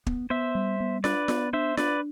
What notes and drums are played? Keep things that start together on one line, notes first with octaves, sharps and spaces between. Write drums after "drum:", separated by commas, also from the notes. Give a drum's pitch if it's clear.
B3, drum: kick
B3 C5 E5
G3
B3
D4 B4 D5, drum: snare F4
B3, drum: snare F4
D4 C5 E5
D4 B4 D5, drum: snare F4